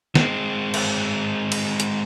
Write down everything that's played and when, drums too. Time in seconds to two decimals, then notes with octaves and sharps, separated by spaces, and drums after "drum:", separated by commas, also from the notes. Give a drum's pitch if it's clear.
0.15 G#3 C4, drum: snare
0.74 drum: cymbal
1.52 drum: cymbal
1.80 drum: hi-hat